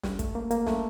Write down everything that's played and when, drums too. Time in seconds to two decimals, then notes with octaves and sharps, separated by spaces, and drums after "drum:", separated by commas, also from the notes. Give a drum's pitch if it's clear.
0.03 G3, drum: snare
0.19 A3, drum: kick, hi-hat
0.35 A#3
0.51 A#3, drum: hi-hat
0.67 A3, drum: snare